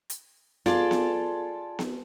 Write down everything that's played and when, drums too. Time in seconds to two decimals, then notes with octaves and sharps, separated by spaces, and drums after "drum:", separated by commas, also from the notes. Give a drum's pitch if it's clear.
0.10 drum: hi-hat
0.66 F4 G#4 A4 D5, drum: snare B3
0.91 drum: snare B3
1.79 drum: snare B3